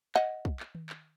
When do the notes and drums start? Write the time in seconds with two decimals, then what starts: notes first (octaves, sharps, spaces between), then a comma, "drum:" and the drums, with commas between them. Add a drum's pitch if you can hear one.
0.15 D#5 F#5, drum: clap
0.45 drum: kick
0.60 drum: clap
0.75 drum: tom D#3
0.89 drum: clap